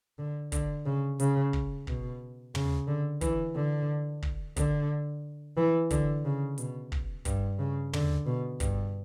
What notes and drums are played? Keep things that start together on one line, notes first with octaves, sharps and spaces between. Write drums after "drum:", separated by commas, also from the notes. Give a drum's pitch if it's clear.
D3
D3, drum: kick, hi-hat
C#3
C#3, drum: hi-hat
drum: kick
B2, drum: kick
C#3, drum: tom
D3
E3, drum: kick, hi-hat
D3
drum: kick
D3, drum: kick, hi-hat
E3
D3, drum: kick, hi-hat
C#3
B2, drum: hi-hat
drum: kick
G2, drum: kick, hi-hat
C#3
D3, drum: tom
B2
G2, drum: kick, hi-hat